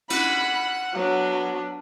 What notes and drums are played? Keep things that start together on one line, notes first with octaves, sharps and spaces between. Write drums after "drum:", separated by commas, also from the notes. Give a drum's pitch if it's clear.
F#5 B5, drum: cymbal
F#3 B3 D4